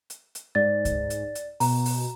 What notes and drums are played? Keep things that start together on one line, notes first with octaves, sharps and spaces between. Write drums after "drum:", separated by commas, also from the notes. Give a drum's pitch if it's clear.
drum: hi-hat
drum: hi-hat
G#2 D5 A6
drum: kick C#2, hi-hat
drum: hi-hat
drum: hi-hat
B2 A#5, drum: open hi-hat
drum: open hi-hat